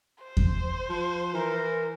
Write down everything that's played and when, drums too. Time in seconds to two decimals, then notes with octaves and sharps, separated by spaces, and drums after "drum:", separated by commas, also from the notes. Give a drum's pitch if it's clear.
0.23 C5
0.37 drum: kick E2
0.90 F3
1.34 E3 A#4